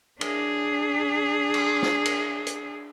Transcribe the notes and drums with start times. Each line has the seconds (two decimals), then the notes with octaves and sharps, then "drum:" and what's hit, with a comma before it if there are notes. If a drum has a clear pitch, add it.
0.21 D4 G#4, drum: cymbal
1.54 drum: cymbal
1.82 drum: snare
2.06 drum: cymbal
2.47 drum: hi-hat